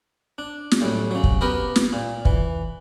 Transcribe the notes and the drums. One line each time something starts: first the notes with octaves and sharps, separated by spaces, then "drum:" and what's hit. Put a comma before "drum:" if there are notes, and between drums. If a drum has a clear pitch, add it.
D4
drum: snare
F#2 A2 G3
C#3 F#3
drum: kick
B3 G4 A#4 D#5 B5
drum: snare
A#2
E3, drum: kick